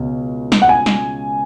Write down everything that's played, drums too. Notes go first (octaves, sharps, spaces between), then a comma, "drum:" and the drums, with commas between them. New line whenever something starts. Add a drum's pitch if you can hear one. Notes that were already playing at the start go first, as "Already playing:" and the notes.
Already playing: C#2 B2 C#4
drum: snare
F#5
G#5
drum: snare